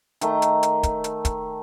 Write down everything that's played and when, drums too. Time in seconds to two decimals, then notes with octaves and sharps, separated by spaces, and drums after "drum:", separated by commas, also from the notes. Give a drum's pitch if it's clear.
0.21 D#3 A3 A#5, drum: hi-hat
0.42 drum: hi-hat
0.63 drum: hi-hat
0.83 drum: kick, hi-hat
1.04 drum: hi-hat
1.25 drum: kick, hi-hat